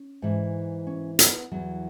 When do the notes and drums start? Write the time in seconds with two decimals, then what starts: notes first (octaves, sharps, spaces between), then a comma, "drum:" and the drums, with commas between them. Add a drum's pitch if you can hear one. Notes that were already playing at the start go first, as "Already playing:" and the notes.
Already playing: C#4
0.22 G#2 E3
0.87 C#4
1.19 B3, drum: hi-hat
1.51 E2 E3 F#3